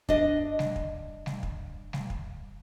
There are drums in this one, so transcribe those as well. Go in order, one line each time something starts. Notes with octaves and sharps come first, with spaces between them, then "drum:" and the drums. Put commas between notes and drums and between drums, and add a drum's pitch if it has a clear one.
D4 D#5, drum: kick
drum: snare G3
drum: kick
drum: snare G3
drum: kick
drum: snare G3
drum: kick